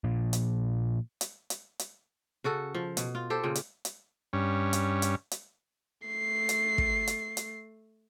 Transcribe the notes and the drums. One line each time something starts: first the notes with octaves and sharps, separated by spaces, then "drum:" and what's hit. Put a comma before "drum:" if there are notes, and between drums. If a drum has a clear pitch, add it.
A#2 F3
drum: hi-hat
drum: hi-hat
drum: hi-hat
drum: hi-hat
C#3 F#4 A4
F3
B2, drum: hi-hat
F4
G4 A4 C5
A#2 C#3 G5
drum: hi-hat
drum: hi-hat
G2 C#4
drum: hi-hat
drum: hi-hat
drum: hi-hat
A3 C7
drum: hi-hat
drum: kick
drum: hi-hat
drum: hi-hat